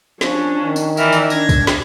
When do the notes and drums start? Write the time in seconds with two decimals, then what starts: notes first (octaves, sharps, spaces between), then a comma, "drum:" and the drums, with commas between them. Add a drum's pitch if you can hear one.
0.21 F3 C#4 D4, drum: snare
0.65 D#3
0.76 drum: tambourine
0.97 E3 A#4 D5 E5, drum: tambourine
1.13 drum: tambourine
1.30 D4 G#6 A#6, drum: tambourine
1.49 drum: kick, tambourine
1.67 drum: snare